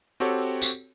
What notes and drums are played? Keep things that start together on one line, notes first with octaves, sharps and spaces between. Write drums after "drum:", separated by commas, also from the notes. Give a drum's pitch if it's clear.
C4 F#4 G4 A4 C#5
drum: tambourine